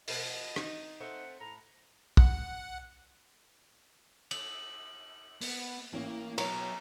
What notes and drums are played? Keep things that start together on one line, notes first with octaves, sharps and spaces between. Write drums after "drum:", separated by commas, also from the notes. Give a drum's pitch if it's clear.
B2 D#3 F3 D#5, drum: open hi-hat
C4 D#4, drum: rim click
A3 C4 C5 F#5
A2 A#5
F#5, drum: kick
F#7, drum: cymbal
B3, drum: open hi-hat
A1 A#3 C#4
F#3 B3 C#5 A#5, drum: cymbal